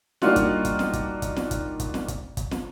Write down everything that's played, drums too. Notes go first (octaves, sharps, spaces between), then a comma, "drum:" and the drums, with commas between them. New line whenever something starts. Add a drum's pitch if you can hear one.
G3 A#3 D4 D#4 F4 F#4, drum: snare
drum: kick, hi-hat
drum: kick, hi-hat
drum: snare
drum: kick, hi-hat
drum: kick, hi-hat
drum: snare
drum: kick, hi-hat
drum: kick, hi-hat
drum: snare
drum: kick, hi-hat
drum: kick, hi-hat
drum: snare